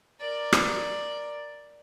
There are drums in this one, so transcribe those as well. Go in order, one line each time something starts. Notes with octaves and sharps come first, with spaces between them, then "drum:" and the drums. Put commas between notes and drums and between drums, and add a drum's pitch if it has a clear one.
A#4 D5
drum: rim click